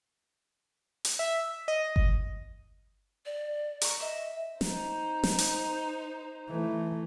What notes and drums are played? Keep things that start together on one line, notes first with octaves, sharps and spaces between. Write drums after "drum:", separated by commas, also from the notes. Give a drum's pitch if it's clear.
drum: hi-hat
E5
D#5
drum: kick G1
D5
A#4 C#6, drum: hi-hat
D#5 E5
D#4 C5, drum: snare
drum: snare
drum: hi-hat
E3 A3